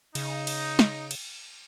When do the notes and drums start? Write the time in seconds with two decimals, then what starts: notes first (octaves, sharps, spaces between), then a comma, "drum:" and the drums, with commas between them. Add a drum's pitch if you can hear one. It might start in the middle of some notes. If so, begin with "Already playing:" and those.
0.15 C#3 D#4, drum: cymbal
0.47 drum: cymbal
0.79 drum: snare
1.11 drum: cymbal